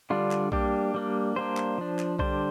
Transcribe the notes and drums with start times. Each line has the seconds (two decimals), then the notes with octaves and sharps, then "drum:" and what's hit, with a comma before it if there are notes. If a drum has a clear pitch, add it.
0.10 D3 G3 D4 F4
0.31 drum: clap
0.52 G3 A#3 D4 G4, drum: kick B1
0.94 G3 A#3 D4
1.36 G3 A#3 D4 C5
1.57 drum: clap
1.78 F3 D4
1.99 drum: clap
2.19 D3 G3 D4 C5, drum: kick B1